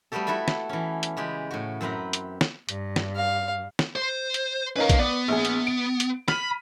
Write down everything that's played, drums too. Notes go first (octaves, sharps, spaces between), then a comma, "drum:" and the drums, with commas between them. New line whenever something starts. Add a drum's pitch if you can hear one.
G3 A3 B3 F#4 G4 A4
E4 F#4 A4 E5 B5
drum: snare
E3 C#4
drum: hi-hat
C#3 G#3 G4 B5
A2 F#4
F#2 C4 B4 A#5
drum: hi-hat
drum: snare
G2, drum: hi-hat
drum: snare
F5
drum: snare
C5
drum: hi-hat
C#4 D#4 A#4 B4 F5
drum: kick A#1, hi-hat
B3 D5
A#1 G#4
drum: hi-hat
D7
drum: hi-hat
B5 F6 B6 D#7, drum: snare